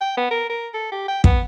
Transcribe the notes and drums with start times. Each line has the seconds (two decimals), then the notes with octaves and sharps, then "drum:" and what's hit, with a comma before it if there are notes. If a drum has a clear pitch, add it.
0.01 G5
0.17 B3
0.31 A#4
0.50 A#4
0.74 A4
0.92 G4
1.08 G5
1.24 B3, drum: kick